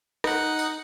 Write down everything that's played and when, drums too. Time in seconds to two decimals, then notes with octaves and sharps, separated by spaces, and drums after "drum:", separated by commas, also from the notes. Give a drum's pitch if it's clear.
0.24 D#4 F#5, drum: rim click
0.59 drum: tambourine